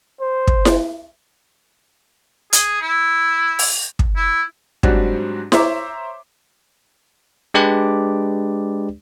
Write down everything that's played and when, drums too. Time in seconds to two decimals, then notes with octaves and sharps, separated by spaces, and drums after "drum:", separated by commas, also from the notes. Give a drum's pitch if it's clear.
0.20 C5
0.47 drum: kick
0.65 drum: snare E4
2.53 G#4, drum: hi-hat
2.81 E4
3.59 drum: open hi-hat
3.99 drum: kick
4.16 E4
4.83 G#2 F#3 G3 C4 D4 F#4, drum: kick
5.52 C5 C#5 E5 A#5 C6 D6, drum: snare E4
7.54 G#3 D4 G4 B4 D5